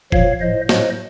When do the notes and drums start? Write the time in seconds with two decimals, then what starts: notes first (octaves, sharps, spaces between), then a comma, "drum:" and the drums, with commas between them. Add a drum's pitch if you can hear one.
0.12 A#2 F3 C#5 F5, drum: kick F1
0.41 A2 F3 C5 D#5
0.69 A2 F#3 C5 D#5, drum: snare